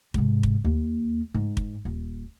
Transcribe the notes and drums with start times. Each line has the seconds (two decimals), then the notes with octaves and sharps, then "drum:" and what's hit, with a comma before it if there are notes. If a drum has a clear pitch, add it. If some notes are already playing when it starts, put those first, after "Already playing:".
0.14 G#2 C3, drum: kick
0.43 drum: kick
0.65 D#2 A#3
1.34 G#2
1.57 drum: kick
1.85 D#1